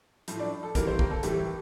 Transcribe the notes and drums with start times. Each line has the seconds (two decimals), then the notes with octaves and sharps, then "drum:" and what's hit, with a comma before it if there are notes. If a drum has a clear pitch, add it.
0.28 A2 F3, drum: hi-hat
0.39 D4 D5
0.63 A4
0.75 A2 E3 G3 A#3 A#4, drum: kick, hi-hat
0.87 C4 C5
0.99 A#3 A#4, drum: kick
1.11 A4
1.23 A2 E3 G3 G4, drum: hi-hat